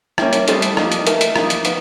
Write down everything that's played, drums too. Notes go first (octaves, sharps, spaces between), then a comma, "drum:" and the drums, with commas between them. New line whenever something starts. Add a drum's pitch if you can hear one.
G3 A#3 C#4 E4, drum: rim click
E4, drum: hi-hat
G3 A3 C4 D#4 A4, drum: hi-hat
drum: hi-hat
F3 A#3 D#4, drum: rim click
drum: hi-hat
E3 A3 A#4, drum: hi-hat
drum: hi-hat
F3 A#3 D#4, drum: rim click
drum: hi-hat
F3 B3 B4, drum: hi-hat